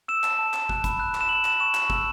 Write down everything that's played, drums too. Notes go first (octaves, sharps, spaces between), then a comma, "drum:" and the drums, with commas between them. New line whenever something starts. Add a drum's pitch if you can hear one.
E6 E7
A5, drum: clap
A5
E6, drum: clap
F#6, drum: kick
B5, drum: kick, hi-hat
F#6
F#6, drum: clap
E7
A5 F#7
F#6 E7, drum: clap
C#6 E7
A5, drum: clap
E6, drum: kick